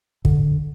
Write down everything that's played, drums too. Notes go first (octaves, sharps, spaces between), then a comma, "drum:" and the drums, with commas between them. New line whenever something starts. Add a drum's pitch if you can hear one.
D3, drum: kick